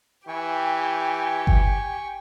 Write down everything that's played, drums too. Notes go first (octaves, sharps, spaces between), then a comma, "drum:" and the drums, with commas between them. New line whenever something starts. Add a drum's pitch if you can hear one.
E3 G4 G5 G#5 C#6
drum: kick G1